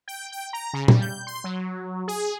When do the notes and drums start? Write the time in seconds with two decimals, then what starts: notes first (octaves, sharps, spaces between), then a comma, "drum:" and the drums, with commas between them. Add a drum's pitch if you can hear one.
0.08 G5
0.32 G5
0.53 A#5
0.74 C#3
0.88 G3, drum: tom A#2
1.01 G6
1.27 C6
1.44 F#3
2.08 G#4